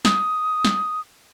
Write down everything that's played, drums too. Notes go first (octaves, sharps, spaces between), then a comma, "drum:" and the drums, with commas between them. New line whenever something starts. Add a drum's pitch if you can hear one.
D#6, drum: snare
drum: snare